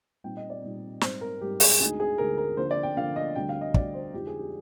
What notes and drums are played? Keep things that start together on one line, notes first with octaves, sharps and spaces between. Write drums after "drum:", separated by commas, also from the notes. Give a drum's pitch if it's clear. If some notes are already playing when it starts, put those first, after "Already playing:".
A#2 G3 C4 D#4 G5
D#5
D5
A#2 G3 C4 D#4
G#2 G3 C4 C5, drum: snare
A#4
G#2 G3 C4 G4
G#4, drum: open hi-hat
D2 D3 G#3 D#4 G#4
G#4
D2 D3 G#3 D#4 A#4
A#4
D3 F3 A#3 C5
D5
G5
D3 F3 A#3 F5
D#5
D2 D3 G3 G5
F5
D#5
D2 D3 G3 D5, drum: kick
C5
F2 D3 F3 G#3 D#4 G4
G#4
G4